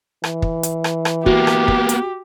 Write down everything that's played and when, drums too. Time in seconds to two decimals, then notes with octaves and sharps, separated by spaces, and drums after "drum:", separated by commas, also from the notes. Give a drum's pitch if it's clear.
0.24 E3, drum: rim click
0.42 drum: kick
0.63 drum: hi-hat
0.84 drum: rim click
1.05 drum: rim click
1.26 A#3 B3 F#4 G4, drum: kick
1.47 drum: rim click
1.68 drum: kick
1.89 drum: hi-hat